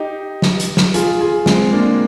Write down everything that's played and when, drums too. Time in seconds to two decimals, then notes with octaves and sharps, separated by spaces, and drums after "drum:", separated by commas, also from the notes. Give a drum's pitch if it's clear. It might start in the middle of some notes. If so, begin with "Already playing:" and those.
Already playing: D#4 G4
0.42 drum: snare
0.60 drum: hi-hat
0.77 drum: snare
0.94 F4 G#4, drum: hi-hat
1.21 F4 G#4
1.46 G#3 C4, drum: snare
1.72 A#3 D4